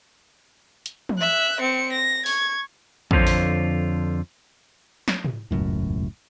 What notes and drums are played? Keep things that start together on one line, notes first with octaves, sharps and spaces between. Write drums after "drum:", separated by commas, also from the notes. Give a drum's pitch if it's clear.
drum: hi-hat
drum: tom
E5 F#6
C4 C#7
A#6
C#6 G#6, drum: open hi-hat
F2 D3 F#3 F4 C5 C#5, drum: kick
drum: open hi-hat
drum: snare
drum: tom
E1 C#2 F#2 A2